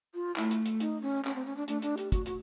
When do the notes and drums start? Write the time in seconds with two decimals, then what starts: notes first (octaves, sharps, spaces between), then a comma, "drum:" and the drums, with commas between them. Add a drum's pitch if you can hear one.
0.14 F4
0.36 A3 E4, drum: clap
0.51 drum: hi-hat
0.66 drum: hi-hat
0.80 D#4, drum: hi-hat
1.02 C#4
1.25 C#4, drum: clap
1.35 C4
1.46 C#4
1.57 D4
1.68 A3 D4, drum: hi-hat
1.82 D4, drum: hi-hat
1.98 G4, drum: hi-hat
2.12 F#4, drum: kick, hi-hat
2.26 F#4, drum: hi-hat